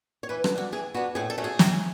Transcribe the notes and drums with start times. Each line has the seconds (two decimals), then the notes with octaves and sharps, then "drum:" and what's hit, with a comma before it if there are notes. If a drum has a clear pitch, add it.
0.23 C#5
0.29 E3 B4
0.44 A4, drum: rim click
0.50 B3
0.55 D4 F#4
0.72 E3 G#4
0.94 B3 D4 F#4
1.15 A2 G#4
1.30 A4
1.38 F#3 A3 C#4
1.44 G#4
1.59 A2, drum: snare